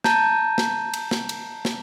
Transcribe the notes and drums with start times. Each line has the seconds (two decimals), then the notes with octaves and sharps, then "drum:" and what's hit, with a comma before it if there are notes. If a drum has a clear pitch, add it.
0.04 A5 A#5 G6, drum: snare
0.58 drum: snare
0.94 drum: cymbal
1.11 drum: snare
1.29 drum: cymbal
1.65 drum: snare